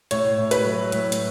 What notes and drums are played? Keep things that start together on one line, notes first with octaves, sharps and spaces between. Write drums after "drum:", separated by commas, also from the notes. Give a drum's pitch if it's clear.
A2 C#5, drum: hi-hat
A2
B4, drum: hi-hat
F#3
A2, drum: hi-hat
drum: hi-hat